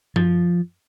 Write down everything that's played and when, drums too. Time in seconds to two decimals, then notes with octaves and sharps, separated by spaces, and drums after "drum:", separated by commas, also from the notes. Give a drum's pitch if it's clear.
0.16 F3, drum: tom F#2